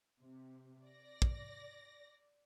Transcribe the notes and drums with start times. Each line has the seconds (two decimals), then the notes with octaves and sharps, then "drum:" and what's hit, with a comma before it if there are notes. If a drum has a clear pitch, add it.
0.22 C3
0.86 D5 A#6
1.22 drum: kick